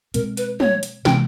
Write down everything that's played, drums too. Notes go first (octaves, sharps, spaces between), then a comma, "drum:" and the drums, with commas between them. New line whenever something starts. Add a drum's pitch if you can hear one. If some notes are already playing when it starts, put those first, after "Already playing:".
B2 G#3 C4 A#4, drum: hi-hat
B4, drum: hi-hat
C#5, drum: tom
drum: hi-hat
C3 E3 G#3 G5, drum: snare